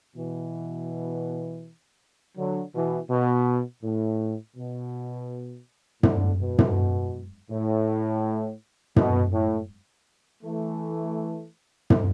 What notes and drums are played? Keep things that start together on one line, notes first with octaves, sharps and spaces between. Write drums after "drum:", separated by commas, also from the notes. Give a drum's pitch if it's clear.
B2 E3
D3 F#3
B2 E3
B2
A2
B2
A2 D3, drum: tom
B2
drum: tom
A2
B2, drum: tom
A2
E3 A3
drum: tom